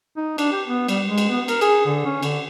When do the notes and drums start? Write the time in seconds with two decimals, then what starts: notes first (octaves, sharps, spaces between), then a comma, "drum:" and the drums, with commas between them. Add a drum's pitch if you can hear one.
0.17 D#4
0.38 D4, drum: cymbal
0.52 G4
0.68 B3
0.88 G3, drum: cymbal
1.06 G#3
1.18 drum: cymbal
1.29 B3
1.48 A#4, drum: cymbal
1.61 G#4, drum: cymbal
1.86 D3
2.05 C#4
2.23 D3, drum: cymbal